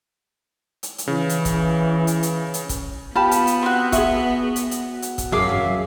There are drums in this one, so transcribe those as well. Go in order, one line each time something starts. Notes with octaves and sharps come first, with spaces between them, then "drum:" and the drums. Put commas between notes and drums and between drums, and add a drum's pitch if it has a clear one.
drum: hi-hat
drum: hi-hat
C#3 E3
drum: hi-hat
drum: kick, hi-hat
drum: hi-hat
drum: hi-hat
drum: hi-hat
drum: kick, hi-hat
B3 F4 G4 A5 B5 F6
drum: hi-hat
drum: hi-hat
C4 F#4
F#4 G#4 E5 B5 C#6, drum: kick, hi-hat
drum: hi-hat
drum: hi-hat
drum: hi-hat
drum: kick, hi-hat
F#2 F#3 G#4 A#4 E5 F5 D6
drum: tom F2